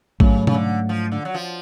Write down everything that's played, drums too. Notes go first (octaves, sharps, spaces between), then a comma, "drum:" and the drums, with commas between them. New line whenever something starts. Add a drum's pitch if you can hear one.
G#2 C#3 F#3 A3, drum: kick A1
C#3, drum: tom
D3
F3
D3
F#3
F3